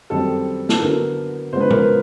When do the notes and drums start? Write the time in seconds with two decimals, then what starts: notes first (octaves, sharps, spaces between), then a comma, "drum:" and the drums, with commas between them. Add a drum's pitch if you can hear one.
0.10 F#2 D#3 G3 C4 A4
0.69 A4, drum: snare
0.81 D3 F#3 B3 D#4 A#4
1.53 C#3 F3 G#3 B3 C5
1.61 B4
1.70 A#4, drum: tom A#2
1.79 B4